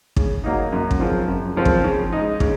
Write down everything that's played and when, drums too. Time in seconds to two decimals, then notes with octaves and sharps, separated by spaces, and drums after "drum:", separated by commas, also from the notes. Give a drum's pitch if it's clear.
0.16 C#3, drum: kick
0.44 F#3 A#3 D#4
0.72 F#2
0.91 drum: kick
1.00 C#3 F3 C4
1.28 F#2
1.56 C#3 F3 C4
1.65 drum: kick
1.84 C#3
2.12 G#3 D#4
2.40 C#3, drum: kick